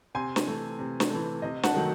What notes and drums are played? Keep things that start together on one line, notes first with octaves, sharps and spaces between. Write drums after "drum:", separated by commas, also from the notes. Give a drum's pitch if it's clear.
C3 G#5 C6
drum: snare
E3 A3
C3
drum: snare
E3 A3
C3 D#5
F#5 A5, drum: snare
D#3 F#3 A3